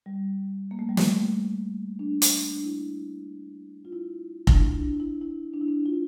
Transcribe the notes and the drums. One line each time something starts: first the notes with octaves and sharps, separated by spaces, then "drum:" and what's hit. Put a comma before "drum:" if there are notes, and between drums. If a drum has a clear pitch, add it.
G3
A#3
A3
G3
A3, drum: snare
D4
drum: hi-hat
D4
E4
F4
E4
D4, drum: kick F1
E4
D4
E4
E4
D4
E4
D4
F4